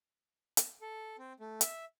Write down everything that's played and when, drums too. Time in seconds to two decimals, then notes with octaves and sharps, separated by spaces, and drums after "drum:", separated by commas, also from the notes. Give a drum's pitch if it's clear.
0.57 drum: hi-hat
0.81 A4
1.19 C4
1.40 A3
1.61 E5, drum: hi-hat